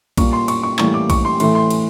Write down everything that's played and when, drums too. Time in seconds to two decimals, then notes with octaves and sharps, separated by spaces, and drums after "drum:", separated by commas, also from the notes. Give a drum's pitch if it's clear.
0.18 A#2 G3 A#3 C#6, drum: kick A#1, cymbal
0.33 C6
0.48 C#6, drum: cymbal
0.63 C#6
0.79 A2 E3 G3 A#3 C#6, drum: clap
0.94 D6
1.10 C#6, drum: kick A#1, cymbal
1.25 C6
1.40 A2 E3 A3 C6, drum: cymbal
1.55 C6
1.70 drum: cymbal